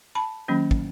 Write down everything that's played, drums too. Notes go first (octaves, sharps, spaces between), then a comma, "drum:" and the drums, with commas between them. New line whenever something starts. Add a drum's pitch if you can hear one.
A5 B5
D#3 F#3 A#3 C#4
drum: kick